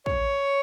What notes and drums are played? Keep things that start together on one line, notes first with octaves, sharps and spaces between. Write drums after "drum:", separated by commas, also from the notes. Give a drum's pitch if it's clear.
C#5, drum: kick